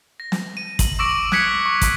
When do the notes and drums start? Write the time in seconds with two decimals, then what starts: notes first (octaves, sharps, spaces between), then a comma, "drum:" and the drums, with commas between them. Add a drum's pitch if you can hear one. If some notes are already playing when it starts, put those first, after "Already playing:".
0.20 A#6
0.32 drum: snare
0.57 D#7
0.79 F#7, drum: kick, hi-hat
0.99 C#6 D6 E6 A#6 D7 F#7
1.32 D#6 F#6 G#6 B6 C#7, drum: snare
1.66 C#6
1.82 drum: kick, hi-hat